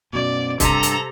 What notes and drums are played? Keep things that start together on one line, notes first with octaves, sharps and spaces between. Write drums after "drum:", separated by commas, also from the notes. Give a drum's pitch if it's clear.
F#2 B2 D5
G2 C3 A4 A#5, drum: kick, hi-hat
drum: hi-hat